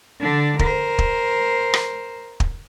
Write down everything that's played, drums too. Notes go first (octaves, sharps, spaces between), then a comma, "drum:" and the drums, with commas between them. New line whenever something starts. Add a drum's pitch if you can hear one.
D3 D4
A#4 C5, drum: kick
drum: kick
drum: rim click
drum: kick